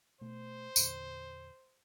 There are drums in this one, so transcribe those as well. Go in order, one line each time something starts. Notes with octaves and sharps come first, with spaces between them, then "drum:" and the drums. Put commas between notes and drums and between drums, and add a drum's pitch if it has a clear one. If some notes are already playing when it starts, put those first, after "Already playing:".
B2 A3 C5
E2 A#2 D3, drum: tambourine